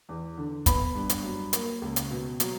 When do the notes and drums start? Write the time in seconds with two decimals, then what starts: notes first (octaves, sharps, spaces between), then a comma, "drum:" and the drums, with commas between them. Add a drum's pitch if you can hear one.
0.09 E2
0.37 D3
0.66 B3 B5, drum: kick, hi-hat
0.95 G2
1.09 drum: hi-hat
1.24 F#3
1.53 A#3, drum: hi-hat
1.82 C#2
1.96 drum: hi-hat
2.10 B2
2.40 F#3, drum: hi-hat